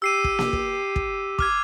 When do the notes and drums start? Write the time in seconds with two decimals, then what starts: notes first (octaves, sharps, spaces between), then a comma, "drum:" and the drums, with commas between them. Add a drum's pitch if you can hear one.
0.02 G4 E6 C7 D#7
0.24 drum: kick
0.39 drum: snare A#3
0.53 drum: kick
0.96 drum: kick
1.39 D6 F6 G#6, drum: kick